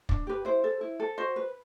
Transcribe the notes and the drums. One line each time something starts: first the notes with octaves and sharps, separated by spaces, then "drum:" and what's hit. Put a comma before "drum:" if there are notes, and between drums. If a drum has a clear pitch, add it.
D4, drum: kick
G4 B4
E4 C5
A4
E4
A4
F#4 C5
B4